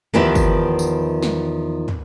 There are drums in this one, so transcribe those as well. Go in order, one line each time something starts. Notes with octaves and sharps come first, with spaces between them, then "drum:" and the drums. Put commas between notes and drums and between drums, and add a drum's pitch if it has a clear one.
E2 D#3 F3 B3 G4 E5, drum: tom
drum: kick, tambourine
drum: tambourine
drum: snare
drum: tom